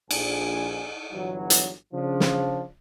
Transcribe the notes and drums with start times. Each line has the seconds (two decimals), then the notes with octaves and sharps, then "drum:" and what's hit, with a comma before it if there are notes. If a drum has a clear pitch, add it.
0.11 A#1 G#5, drum: cymbal
1.13 G1 E3 F#3
1.50 drum: hi-hat
1.93 C#3 F3 D4
2.20 drum: snare